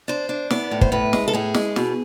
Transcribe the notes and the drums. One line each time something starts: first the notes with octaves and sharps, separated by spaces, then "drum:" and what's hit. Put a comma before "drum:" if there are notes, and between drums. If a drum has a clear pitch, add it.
D4 C5
D4
B3 D5, drum: snare
A2
C5, drum: kick
A2 B4
G#3, drum: snare
A4
A2 G#4
G#3, drum: snare
B2, drum: snare